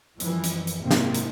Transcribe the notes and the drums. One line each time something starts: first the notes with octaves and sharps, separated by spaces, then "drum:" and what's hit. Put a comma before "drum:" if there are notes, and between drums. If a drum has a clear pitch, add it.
F#2 E3 F3 G3, drum: hi-hat
drum: hi-hat
drum: hi-hat
G#2 C3 A#3 C4
drum: snare
drum: hi-hat